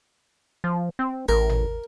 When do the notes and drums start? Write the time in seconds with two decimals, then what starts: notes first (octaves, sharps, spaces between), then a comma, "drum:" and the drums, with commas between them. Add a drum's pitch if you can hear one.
0.64 F3
0.99 C4
1.29 A1 A#4
1.50 drum: tom G#1